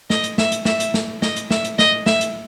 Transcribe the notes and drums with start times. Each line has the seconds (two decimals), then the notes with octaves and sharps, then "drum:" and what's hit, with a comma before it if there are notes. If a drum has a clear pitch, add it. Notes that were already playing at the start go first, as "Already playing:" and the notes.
0.10 D#5, drum: snare
0.24 drum: hi-hat
0.38 E5, drum: snare
0.52 drum: hi-hat
0.65 E5, drum: snare
0.80 drum: hi-hat
0.94 drum: snare
1.22 D#5, drum: snare
1.36 drum: hi-hat
1.50 E5, drum: snare
1.64 drum: hi-hat
1.79 D#5, drum: snare
2.06 E5, drum: snare
2.21 drum: hi-hat